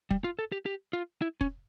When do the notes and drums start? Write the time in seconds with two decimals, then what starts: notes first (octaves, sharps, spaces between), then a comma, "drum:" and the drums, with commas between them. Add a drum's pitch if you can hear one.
0.10 G3, drum: kick
0.24 F4
0.39 A4
0.52 G4
0.66 G4
0.93 F4
1.22 E4
1.41 C#4, drum: kick